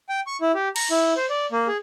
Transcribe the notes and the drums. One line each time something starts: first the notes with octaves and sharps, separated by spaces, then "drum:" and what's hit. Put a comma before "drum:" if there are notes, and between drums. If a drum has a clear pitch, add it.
G5
C#6
E4
G4
A#5, drum: cymbal
E4
C5
D5
A#3
G#4